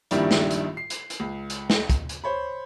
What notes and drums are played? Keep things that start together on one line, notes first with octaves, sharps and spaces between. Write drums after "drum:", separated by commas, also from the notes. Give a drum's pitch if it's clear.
A#1 G2 D#3 G3 D4 E4, drum: hi-hat
drum: snare
drum: hi-hat
C7
drum: hi-hat
drum: hi-hat
C#2
drum: hi-hat
drum: snare
drum: kick, hi-hat
drum: hi-hat
C5 C#5 B5